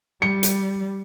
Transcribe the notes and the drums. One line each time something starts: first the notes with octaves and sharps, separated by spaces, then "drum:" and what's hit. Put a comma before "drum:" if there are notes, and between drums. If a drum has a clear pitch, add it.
G3 C#7
drum: hi-hat